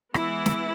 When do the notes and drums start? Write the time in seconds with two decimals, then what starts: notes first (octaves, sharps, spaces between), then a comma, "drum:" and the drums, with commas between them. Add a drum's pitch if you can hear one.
0.14 E3 G#3 B3 E4, drum: rim click
0.46 drum: snare